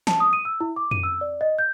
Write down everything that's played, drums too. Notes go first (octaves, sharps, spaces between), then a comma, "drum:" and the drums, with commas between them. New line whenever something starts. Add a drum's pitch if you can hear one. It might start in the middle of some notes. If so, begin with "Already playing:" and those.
A5, drum: snare
D#6
D#7
E6
E4
D6
D#7, drum: tom F2
E6
D5
D#5
G6